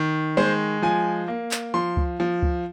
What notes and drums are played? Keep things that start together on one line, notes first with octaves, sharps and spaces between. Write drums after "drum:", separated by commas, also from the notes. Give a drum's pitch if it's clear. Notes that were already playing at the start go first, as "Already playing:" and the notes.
Already playing: D#3
G#3 C5
F3 G#5
A#3
drum: clap
F3 C6
drum: kick C#2
F3
drum: kick C#2